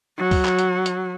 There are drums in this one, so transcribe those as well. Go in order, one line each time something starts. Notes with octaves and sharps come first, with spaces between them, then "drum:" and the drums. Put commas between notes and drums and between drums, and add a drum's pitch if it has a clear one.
F#3
drum: kick, open hi-hat
drum: clap
drum: hi-hat
drum: hi-hat